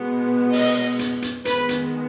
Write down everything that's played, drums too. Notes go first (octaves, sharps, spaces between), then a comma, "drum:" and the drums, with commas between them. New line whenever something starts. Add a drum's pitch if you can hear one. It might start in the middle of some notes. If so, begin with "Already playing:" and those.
Already playing: B2 G#3 B3
D#5, drum: open hi-hat
drum: hi-hat
drum: hi-hat
D#3 G#3 B3 B4, drum: hi-hat
drum: hi-hat